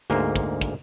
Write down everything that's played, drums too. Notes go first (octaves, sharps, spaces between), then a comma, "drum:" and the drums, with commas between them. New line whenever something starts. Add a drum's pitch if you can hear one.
D2 G#2 A#3, drum: hi-hat
drum: kick
drum: kick, hi-hat